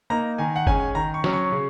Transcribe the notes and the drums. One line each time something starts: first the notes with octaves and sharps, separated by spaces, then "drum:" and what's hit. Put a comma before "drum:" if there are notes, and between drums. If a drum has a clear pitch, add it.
A#3 D#4 A#5
D#3 G#5
F#5
G#3 C#4 G#5, drum: kick F#1
D#3 A#5
C#6
F#3 C#4, drum: snare
C#6
C#3